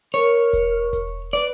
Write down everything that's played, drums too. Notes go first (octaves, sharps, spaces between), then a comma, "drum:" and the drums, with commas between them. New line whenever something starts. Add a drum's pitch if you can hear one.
A#4 C#5, drum: hi-hat
drum: kick E1, hi-hat
drum: kick E1, hi-hat
B4 D5, drum: hi-hat